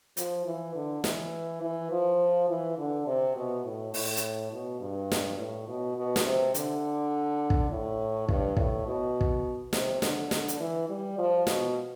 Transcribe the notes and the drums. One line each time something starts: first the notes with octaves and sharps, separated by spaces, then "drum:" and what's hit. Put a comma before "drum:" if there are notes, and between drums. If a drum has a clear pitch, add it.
F3, drum: hi-hat
E3
D3
E3, drum: snare
E3
F3
E3
D3
C3
B2
A2
A2, drum: open hi-hat
drum: hi-hat
B2
G2
drum: snare
A2
B2
B2
drum: snare
C3
D3, drum: hi-hat
drum: kick
A2
G2, drum: kick
A2, drum: kick
B2
drum: kick
C3, drum: snare
D3, drum: snare
D3, drum: snare
drum: hi-hat
E3
G3
F3
B2, drum: snare